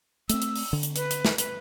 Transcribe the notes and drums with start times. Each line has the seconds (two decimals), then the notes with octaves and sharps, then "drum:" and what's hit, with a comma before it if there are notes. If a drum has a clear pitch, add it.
0.29 A3 C4 E6, drum: hi-hat
0.42 drum: hi-hat
0.55 drum: open hi-hat
0.73 D3
0.83 drum: hi-hat
0.96 B4, drum: hi-hat
1.11 drum: hi-hat
1.25 drum: snare
1.38 B4, drum: hi-hat